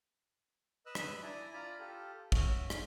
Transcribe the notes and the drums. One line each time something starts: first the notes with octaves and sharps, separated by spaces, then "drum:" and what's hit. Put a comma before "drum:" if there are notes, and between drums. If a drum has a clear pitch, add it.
B4 D#5 E6 F#6
drum: rim click
D4 E4 D5 G#5 A#5
F4 D5 A#5 B5
F4 G4 A4
C#4 F#4 E5, drum: kick
drum: rim click